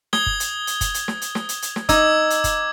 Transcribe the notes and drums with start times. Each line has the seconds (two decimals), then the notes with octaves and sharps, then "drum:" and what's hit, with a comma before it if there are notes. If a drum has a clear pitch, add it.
0.13 D#6 G#6 G7, drum: snare
0.26 drum: kick F#1
0.40 drum: hi-hat
0.67 drum: hi-hat
0.81 drum: kick F#1, hi-hat
0.94 drum: hi-hat
1.08 drum: snare
1.22 drum: hi-hat
1.35 drum: snare
1.49 drum: hi-hat
1.62 drum: hi-hat
1.76 drum: snare
1.89 D#4 D6 E6 G#6, drum: kick F#1, hi-hat
2.30 drum: hi-hat
2.44 drum: kick F#1, hi-hat